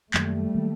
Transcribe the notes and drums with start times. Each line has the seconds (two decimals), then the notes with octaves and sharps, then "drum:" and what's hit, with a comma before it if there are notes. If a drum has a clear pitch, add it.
0.14 F#2 D#3 F#3 G3 A3 A#3, drum: clap
0.55 D#3 F#3 A#3